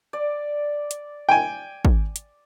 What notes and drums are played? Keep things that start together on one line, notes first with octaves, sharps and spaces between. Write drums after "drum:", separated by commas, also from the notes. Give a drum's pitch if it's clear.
D5
drum: hi-hat
G5 G#5
drum: kick
drum: hi-hat